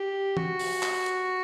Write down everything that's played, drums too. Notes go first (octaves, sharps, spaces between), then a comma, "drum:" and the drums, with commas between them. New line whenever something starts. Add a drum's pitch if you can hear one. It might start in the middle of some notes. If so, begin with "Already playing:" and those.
Already playing: G4
F#4, drum: tom
drum: open hi-hat
drum: clap
drum: hi-hat